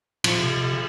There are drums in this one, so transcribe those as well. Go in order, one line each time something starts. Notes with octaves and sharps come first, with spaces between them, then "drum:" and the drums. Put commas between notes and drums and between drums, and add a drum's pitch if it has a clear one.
A#2 F3, drum: cymbal
C3
C3
C#3